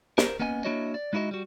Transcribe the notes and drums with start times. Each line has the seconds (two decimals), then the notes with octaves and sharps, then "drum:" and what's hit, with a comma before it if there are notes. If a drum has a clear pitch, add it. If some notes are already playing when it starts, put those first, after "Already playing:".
0.18 A#4 C5, drum: snare
0.39 A#3 B3 C#4 D#5 G#5
0.64 A#3 D4 E4 F#4 C#5 D#5
0.94 D5
1.13 G#3 D#4 E4 F#4 D#5
1.31 G3 F#4